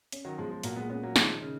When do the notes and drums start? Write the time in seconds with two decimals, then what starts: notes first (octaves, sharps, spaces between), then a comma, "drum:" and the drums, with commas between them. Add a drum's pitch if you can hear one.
0.12 C#4, drum: hi-hat
0.25 D#3 F#3
0.38 B2 F3 G#3
0.51 F3 G#3
0.63 A#2 F#3 A#3, drum: hi-hat
0.76 G#3 B3
0.90 G#3 B3 C#4
1.03 F#3 A#3
1.16 D#3 F3 G#3, drum: snare
1.41 C#3